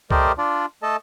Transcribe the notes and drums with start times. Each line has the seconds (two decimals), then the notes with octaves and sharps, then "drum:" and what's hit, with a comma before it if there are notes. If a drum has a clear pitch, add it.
0.11 A3 G4 A#4 C5 D5 D#5, drum: kick C2
0.38 D4 F4 D5
0.83 A3 A4 D#5 A5